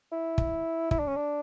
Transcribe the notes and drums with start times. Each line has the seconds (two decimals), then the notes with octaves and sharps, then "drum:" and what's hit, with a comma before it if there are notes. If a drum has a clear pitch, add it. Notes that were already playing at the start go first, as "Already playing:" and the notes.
0.12 E4
0.38 drum: kick
0.91 E4, drum: kick
0.99 D4
1.08 C#4
1.16 D4